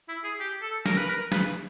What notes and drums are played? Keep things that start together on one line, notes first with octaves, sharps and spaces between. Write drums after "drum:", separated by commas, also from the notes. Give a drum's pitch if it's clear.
E4
G#4
G4
A4
A#4, drum: snare
B4
A#4
B4, drum: snare